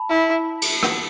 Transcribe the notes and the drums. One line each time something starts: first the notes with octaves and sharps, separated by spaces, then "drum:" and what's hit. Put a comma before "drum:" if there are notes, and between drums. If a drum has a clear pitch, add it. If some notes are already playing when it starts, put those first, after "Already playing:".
Already playing: A5 B5
E4
drum: cymbal
drum: rim click